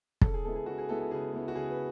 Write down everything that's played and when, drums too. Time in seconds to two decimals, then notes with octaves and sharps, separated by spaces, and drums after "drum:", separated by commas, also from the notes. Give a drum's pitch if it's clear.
0.21 C#3 A4, drum: kick
0.34 G#4
0.45 G#3 B3 E4 A4
0.56 G#4
0.66 C#3 F#4
0.78 G#4
0.89 G#3 B3 E4 A4
0.99 A4
1.11 C#3 G#4
1.33 G#3 B3 E4
1.48 F#4
1.55 C#3 G#4
1.71 B4